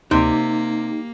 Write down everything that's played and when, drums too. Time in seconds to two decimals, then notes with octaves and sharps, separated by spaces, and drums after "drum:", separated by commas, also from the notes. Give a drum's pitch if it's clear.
0.11 C3 A#3 D#4, drum: tom D2